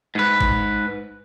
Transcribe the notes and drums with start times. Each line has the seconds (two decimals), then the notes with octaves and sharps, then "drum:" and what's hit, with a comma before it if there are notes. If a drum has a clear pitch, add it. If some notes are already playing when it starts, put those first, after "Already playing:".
0.15 G#2 B4
0.41 drum: kick G#1